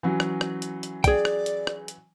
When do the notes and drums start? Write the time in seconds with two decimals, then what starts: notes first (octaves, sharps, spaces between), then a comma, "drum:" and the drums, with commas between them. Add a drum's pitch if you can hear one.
0.03 E3 F#3 C#4
0.20 drum: rim click
0.41 drum: rim click
0.62 drum: hi-hat
0.83 drum: hi-hat
1.04 G#4 D5 G5, drum: kick, hi-hat
1.25 drum: rim click
1.46 drum: hi-hat
1.67 drum: rim click
1.88 drum: hi-hat